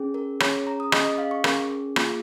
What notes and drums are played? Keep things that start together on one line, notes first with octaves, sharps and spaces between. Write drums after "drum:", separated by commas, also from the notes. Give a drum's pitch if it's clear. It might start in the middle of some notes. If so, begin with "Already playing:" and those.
Already playing: C#4 G#4
A#4
C#4 G#4 C#5, drum: rim click
A#5
D#6
C#4 G#4 D#5, drum: rim click
D#5
F5
C#6
C#4 G#4 A#4, drum: rim click
A#3 F4 G#4, drum: rim click